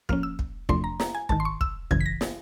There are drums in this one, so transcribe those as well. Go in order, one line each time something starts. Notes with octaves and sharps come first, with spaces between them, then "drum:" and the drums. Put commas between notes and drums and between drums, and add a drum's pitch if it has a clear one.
A2 F3 A#3 C#4 F6, drum: kick
E6
drum: kick
E2 C3 F3 A3 D4 C6, drum: kick
A#5
A#5, drum: snare
G#5
G#1 G#2 D#3 A5, drum: kick
C6
C#6
E6, drum: kick
G#1 F#2 C#3 E3 G#6, drum: kick
B6
A#6
drum: snare